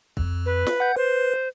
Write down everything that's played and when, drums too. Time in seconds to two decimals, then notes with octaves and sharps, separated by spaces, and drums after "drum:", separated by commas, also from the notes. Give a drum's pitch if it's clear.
0.17 F2, drum: kick
0.46 B4
0.67 drum: snare
0.80 F#5 G6
0.96 B4 C5